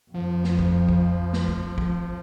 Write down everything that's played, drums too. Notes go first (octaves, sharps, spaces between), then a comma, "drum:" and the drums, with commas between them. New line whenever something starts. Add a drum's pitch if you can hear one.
F2 F3
drum: snare
drum: kick
drum: kick
drum: snare
drum: kick
drum: kick